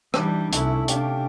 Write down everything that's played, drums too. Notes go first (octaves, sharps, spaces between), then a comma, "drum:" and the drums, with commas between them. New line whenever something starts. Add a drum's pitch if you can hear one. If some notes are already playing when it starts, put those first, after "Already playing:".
E3 G3 D4 D#4, drum: rim click
C2 A3 C#4 E4, drum: hi-hat
C3 D4 G4 F5, drum: hi-hat